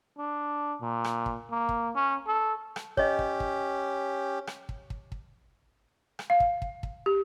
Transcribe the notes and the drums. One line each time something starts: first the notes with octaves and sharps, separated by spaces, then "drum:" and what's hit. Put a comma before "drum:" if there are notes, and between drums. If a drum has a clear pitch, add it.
D4
A#2
drum: rim click
drum: kick
A#3
drum: kick
C#4
A4
drum: rim click
C#4 G4 C#5 D#5, drum: kick
drum: kick
drum: kick
drum: rim click
drum: kick
drum: kick
drum: kick
drum: rim click
F5
drum: kick
drum: kick
drum: kick
G4